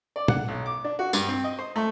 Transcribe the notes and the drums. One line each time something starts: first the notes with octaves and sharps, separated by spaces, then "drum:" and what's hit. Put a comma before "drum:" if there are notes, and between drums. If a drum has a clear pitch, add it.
D5
F#5, drum: tom
B1
D6
D4
F#4
G2, drum: tambourine
C4
D#5
C5
A3